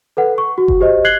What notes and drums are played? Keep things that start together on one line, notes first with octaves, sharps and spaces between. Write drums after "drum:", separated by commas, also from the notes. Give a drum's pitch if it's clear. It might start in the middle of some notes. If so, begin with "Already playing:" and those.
A4 B4 F#5
C#6
F#4
drum: kick F#1
G4 C5 D#5
F#6 G#6 C7 F#7 G7